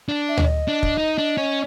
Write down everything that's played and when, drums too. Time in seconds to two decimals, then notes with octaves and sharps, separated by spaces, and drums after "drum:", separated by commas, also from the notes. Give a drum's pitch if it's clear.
0.09 D4
0.29 E5
0.37 D#5, drum: tom D2
0.68 D4
0.83 drum: kick
0.98 D#4
1.18 D4
1.37 C#4